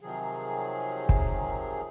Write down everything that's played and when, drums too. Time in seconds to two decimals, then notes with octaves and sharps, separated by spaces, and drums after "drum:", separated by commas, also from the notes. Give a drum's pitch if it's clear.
0.01 C3 D#3 F3 F#3 G#4
1.09 drum: kick